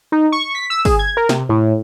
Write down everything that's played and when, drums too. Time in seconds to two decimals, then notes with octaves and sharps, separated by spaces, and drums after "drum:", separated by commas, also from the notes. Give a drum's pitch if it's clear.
0.12 D#4
0.32 C#6
0.55 B6
0.70 E6
0.85 G#4, drum: kick, open hi-hat
0.99 G#6
1.17 A#4
1.29 C3, drum: snare
1.49 A2